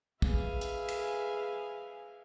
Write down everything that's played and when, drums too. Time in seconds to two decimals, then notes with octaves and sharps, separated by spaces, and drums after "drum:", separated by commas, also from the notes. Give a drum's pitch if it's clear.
0.22 G#4 B4 E5 F5 G#5, drum: kick
0.61 drum: hi-hat
0.88 drum: cymbal